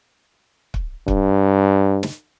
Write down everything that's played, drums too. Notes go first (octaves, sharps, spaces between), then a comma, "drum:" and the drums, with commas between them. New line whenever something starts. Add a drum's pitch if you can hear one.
drum: kick
G2, drum: kick
drum: snare